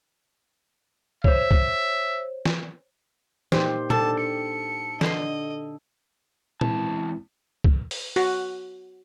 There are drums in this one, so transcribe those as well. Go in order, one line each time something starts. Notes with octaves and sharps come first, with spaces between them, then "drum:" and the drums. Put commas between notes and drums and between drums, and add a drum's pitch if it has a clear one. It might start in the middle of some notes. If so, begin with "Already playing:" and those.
C5 C#5 E5, drum: kick
drum: kick
drum: snare
A#2 D#4 G4 C5, drum: snare
D4 A4 A5, drum: tom A#2
C#7
D3 D#5 C6, drum: snare
E2 G#3 C4 E4 A5, drum: tom A#2
drum: kick
drum: open hi-hat
F#4, drum: open hi-hat